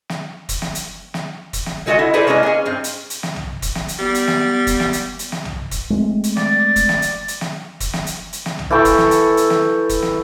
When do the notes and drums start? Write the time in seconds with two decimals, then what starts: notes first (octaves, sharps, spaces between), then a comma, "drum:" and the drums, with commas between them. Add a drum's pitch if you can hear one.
0.09 drum: snare
0.49 drum: kick, hi-hat
0.62 drum: snare
0.75 drum: hi-hat
1.14 drum: snare
1.53 drum: kick, hi-hat
1.66 drum: snare
1.86 D3 G#3 F#4 C#5 D#5 F#5
1.99 E4
2.14 E4 G#4 A4 B4 C5 D5
2.27 G#3 A#3 C#4 D4 D#5
2.43 C#4 G#4
2.66 G2 C4
2.84 drum: hi-hat
3.10 drum: hi-hat
3.23 drum: snare
3.36 drum: tom B1
3.62 drum: kick, hi-hat
3.75 drum: snare
3.88 drum: hi-hat
3.99 G3 B3
4.15 drum: hi-hat
4.28 drum: snare
4.67 drum: kick, hi-hat
4.80 drum: snare
4.93 drum: hi-hat
5.19 drum: hi-hat
5.32 drum: snare
5.45 drum: tom B1
5.71 drum: kick, hi-hat
5.90 G#3 A3 C4
6.24 drum: hi-hat
6.37 D5, drum: snare
6.76 drum: kick, hi-hat
6.89 drum: snare
7.02 drum: hi-hat
7.28 drum: hi-hat
7.41 drum: snare
7.80 drum: kick, hi-hat
7.93 drum: snare
8.06 drum: hi-hat
8.33 drum: hi-hat
8.46 drum: snare
8.59 drum: tom B1
8.71 E3 A4 G5 C#6
8.85 drum: kick, hi-hat
8.98 drum: snare
9.11 drum: hi-hat
9.37 drum: hi-hat
9.50 drum: snare
9.89 drum: kick, hi-hat
10.02 drum: snare